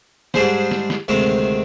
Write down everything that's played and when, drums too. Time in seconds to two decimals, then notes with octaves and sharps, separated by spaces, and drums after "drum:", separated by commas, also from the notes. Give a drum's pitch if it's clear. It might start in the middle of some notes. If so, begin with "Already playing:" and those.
0.34 G#2 G3 D4 G#4 C5, drum: snare
0.71 drum: snare
0.90 drum: snare
1.08 D2 C3 D#3 G#3 C4